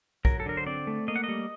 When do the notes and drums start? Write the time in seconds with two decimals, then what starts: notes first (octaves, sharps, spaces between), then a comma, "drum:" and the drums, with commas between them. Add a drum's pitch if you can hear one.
0.25 F#3 A#4, drum: kick B1
0.40 A4
0.46 D3 A#4
0.57 C5
0.66 C4 D5
0.87 A3
1.08 A#3 D#5
1.16 F#5
1.24 G3 D#5